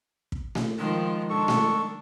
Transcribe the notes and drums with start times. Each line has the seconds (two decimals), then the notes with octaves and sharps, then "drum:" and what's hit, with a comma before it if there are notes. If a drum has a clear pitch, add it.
0.32 drum: kick
0.55 drum: snare A3
0.79 D#3 F3 G#3 F4
1.30 D#3 D4 A4 C#6
1.48 drum: snare A3